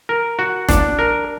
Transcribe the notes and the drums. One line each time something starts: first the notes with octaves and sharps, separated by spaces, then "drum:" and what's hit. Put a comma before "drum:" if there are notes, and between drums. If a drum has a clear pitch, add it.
A#4
F#4
D4, drum: snare
A#4